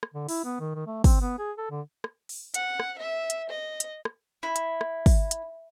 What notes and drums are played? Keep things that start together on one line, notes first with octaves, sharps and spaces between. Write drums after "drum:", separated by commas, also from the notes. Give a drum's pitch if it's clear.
drum: rim click
D3
E4, drum: open hi-hat
B3
D#3
D#3
A3
C4, drum: kick, open hi-hat
B3
G#4
A4
D3
drum: rim click
drum: open hi-hat
F#5, drum: hi-hat
drum: rim click
E5
drum: hi-hat
D#5
drum: hi-hat
drum: rim click
E4
drum: hi-hat
drum: rim click
drum: kick, open hi-hat
drum: hi-hat